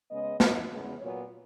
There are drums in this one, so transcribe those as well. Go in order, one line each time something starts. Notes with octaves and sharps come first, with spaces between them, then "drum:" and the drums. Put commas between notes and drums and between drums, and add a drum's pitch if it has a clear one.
C#3 G#3 B3 D#5
E2 D#3 A#3, drum: snare
E2 C#3 G#3 B3
A#2 F#3 B3 C#5